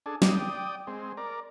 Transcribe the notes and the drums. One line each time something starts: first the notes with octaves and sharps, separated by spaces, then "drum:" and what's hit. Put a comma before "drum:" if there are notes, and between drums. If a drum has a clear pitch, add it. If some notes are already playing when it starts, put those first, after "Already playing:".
D4 G#4 A4
D5 G5 D#6, drum: snare
G#3 C4
A#4 D5